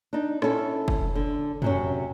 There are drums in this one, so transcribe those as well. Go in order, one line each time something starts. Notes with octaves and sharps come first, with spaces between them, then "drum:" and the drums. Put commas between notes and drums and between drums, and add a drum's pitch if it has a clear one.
D4 D#4
C#4 E4 A4, drum: rim click
drum: kick
D3
F#2 C3 C#4, drum: tom